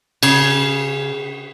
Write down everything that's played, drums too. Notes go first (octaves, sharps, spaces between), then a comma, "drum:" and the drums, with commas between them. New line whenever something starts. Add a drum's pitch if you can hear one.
C#3, drum: cymbal